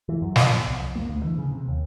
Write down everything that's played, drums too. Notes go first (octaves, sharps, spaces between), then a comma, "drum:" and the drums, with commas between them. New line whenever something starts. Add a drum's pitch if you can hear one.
E3
F#2
F3, drum: snare
B2
C2
F2
A#3
D2
E3
C#3
C3
D#2